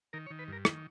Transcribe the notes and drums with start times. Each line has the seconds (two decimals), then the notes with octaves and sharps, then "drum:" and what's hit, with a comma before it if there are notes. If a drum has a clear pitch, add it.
0.13 D#3 A#4
0.26 C#5
0.30 D#3
0.39 B4
0.48 G2 A#4
0.65 D#3 B4, drum: rim click